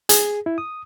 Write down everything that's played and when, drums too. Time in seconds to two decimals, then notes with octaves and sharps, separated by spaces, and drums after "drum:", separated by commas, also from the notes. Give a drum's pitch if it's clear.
0.09 G#4, drum: hi-hat
0.46 E4
0.58 D#6